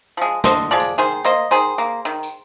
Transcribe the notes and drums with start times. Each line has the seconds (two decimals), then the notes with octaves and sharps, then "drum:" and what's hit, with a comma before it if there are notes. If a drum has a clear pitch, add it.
0.17 F3 G#3
0.44 D3 C5 D#5, drum: snare
0.71 F3 G#3 D5
0.80 drum: tambourine
0.98 D#3 G#4 C5
1.24 A#3 C5 D#5
1.51 D#3 G#4 C5, drum: tambourine
1.78 A#3
2.05 D#3
2.23 drum: tambourine